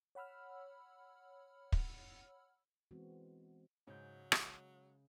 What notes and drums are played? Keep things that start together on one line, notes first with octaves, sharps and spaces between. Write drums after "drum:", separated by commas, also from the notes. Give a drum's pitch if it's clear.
C#5 F#5 B5 E6 F6
drum: kick
E3 G#3 B3 C4 F#4
G#2 C#3 F#3 G6
G#3, drum: rim click